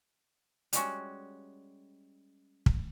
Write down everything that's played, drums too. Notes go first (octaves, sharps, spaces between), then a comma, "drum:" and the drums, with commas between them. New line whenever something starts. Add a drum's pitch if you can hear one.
G3 G#3 C#4 F#4, drum: hi-hat
drum: kick